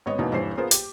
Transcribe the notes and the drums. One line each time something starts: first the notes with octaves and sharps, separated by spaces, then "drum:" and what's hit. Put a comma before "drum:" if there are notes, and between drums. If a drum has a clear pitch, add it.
G#1 B3 C#5 D#5
E2 G#2 B2 E3 A#3 D#4
D#1 G2 E3 C5 C7
B3 F4 G#4 A#4 C5
G4, drum: hi-hat